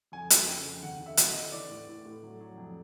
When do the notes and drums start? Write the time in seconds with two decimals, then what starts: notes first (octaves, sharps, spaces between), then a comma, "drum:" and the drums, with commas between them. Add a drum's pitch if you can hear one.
0.12 F2 G#5
0.30 F2, drum: hi-hat
0.47 C#3 G5
0.66 F2
0.82 D#2 F#5
1.00 D3
1.06 E5
1.17 D#2, drum: hi-hat
1.29 D#5
1.34 D3
1.52 E3 D5
1.70 A2
1.87 A2
2.05 A2
2.23 F#3
2.40 F#3
2.57 F2